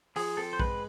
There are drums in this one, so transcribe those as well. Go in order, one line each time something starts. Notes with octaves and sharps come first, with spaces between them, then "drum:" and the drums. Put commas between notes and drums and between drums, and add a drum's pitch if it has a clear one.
F3 G#4, drum: open hi-hat
C4 A4
C5
G#3 B4, drum: kick A#1